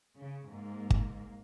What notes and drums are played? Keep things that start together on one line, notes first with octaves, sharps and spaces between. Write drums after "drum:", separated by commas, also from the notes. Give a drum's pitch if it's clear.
C#3
G#2 A#3
drum: kick